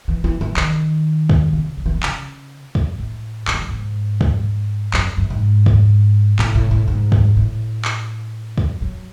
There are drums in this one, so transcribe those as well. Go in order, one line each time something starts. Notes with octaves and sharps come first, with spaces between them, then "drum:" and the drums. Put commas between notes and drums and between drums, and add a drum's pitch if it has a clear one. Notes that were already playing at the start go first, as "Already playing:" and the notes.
E3
E3
E3
D#3, drum: clap
drum: kick
C#3
F#3
E3
D#3
C#3, drum: clap
drum: kick
A2
A2, drum: clap
G#2
F#2
G#2
drum: kick
F#2, drum: clap
F#2
G#2
drum: kick
A2, drum: clap
A2
A2
G#2
drum: kick
A2
drum: clap
drum: kick
F#3